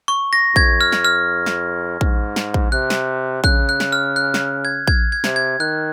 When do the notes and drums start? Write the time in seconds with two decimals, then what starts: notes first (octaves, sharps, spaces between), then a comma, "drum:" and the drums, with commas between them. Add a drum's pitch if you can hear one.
0.08 C#6
0.33 A#6
0.56 F2 G#6, drum: kick A#1
0.81 F6
0.92 drum: snare
1.04 F6
1.46 drum: snare
2.01 G#2, drum: kick A#1
2.36 drum: snare
2.54 drum: kick A#1
2.72 C3 F#6
2.90 drum: snare
3.44 C#3 F#6, drum: kick A#1
3.69 F#6
3.80 drum: snare
3.92 F6
4.16 F#6
4.34 drum: snare
4.65 G#6
4.87 G#6, drum: kick A#1
5.12 G#6
5.24 C3, drum: snare
5.36 G#6
5.60 D#3 F#6